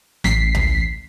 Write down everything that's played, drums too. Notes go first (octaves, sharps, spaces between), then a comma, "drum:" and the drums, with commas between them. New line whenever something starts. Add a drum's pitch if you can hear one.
A1 B6 C7, drum: snare
drum: tom C#2